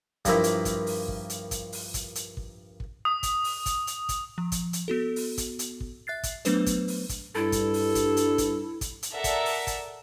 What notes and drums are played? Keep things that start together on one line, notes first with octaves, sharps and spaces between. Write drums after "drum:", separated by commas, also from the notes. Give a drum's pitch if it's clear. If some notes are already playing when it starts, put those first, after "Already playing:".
G2 F3 A#3 E4, drum: kick, hi-hat
drum: hi-hat
drum: kick, hi-hat
drum: open hi-hat
drum: kick
drum: hi-hat
drum: kick, hi-hat
drum: open hi-hat
drum: kick, hi-hat
drum: hi-hat
drum: kick
drum: kick
D#6
drum: kick, hi-hat
drum: open hi-hat
drum: kick, hi-hat
drum: hi-hat
drum: kick, hi-hat
F3
drum: kick, hi-hat
drum: hi-hat
B3 F#4 A4
drum: open hi-hat
drum: kick, hi-hat
drum: hi-hat
drum: kick
E5 F#6 A6 C7
drum: kick, hi-hat
F#3 A3 B3 D4 B4 C5, drum: hi-hat
drum: kick, hi-hat
drum: open hi-hat
drum: kick, hi-hat
G2 E4 A4
drum: kick, hi-hat
drum: open hi-hat
drum: kick, hi-hat
drum: hi-hat
drum: kick, hi-hat
drum: kick, hi-hat
drum: hi-hat
A4 A#4 D5 E5 F#5
drum: kick, hi-hat
drum: open hi-hat
drum: kick, hi-hat